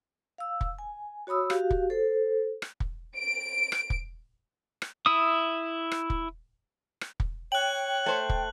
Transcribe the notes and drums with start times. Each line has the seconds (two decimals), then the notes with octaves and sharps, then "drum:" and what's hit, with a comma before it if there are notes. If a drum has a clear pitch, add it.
0.38 F5 E6
0.61 drum: kick
0.79 G#5
1.27 F#4 C#5 B5 D#6 E6
1.50 F#4 G4 F5, drum: rim click
1.70 drum: kick
1.90 A4 C5
2.62 drum: rim click
2.80 drum: kick
3.17 D7
3.72 drum: rim click
3.90 drum: kick
4.82 drum: rim click
5.06 E4 E5 D#6
5.92 drum: rim click
6.10 drum: kick
7.01 drum: rim click
7.20 drum: kick
7.52 C#5 G5 F#6 F#7
8.06 A3 C5
8.29 drum: kick